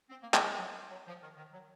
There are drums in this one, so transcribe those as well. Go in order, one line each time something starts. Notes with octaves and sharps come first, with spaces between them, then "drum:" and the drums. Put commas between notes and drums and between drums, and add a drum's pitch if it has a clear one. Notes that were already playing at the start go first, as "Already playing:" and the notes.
C4
A#3
G#3, drum: clap
G#3
F#3
F#3
F3
D#3
D#3
F#3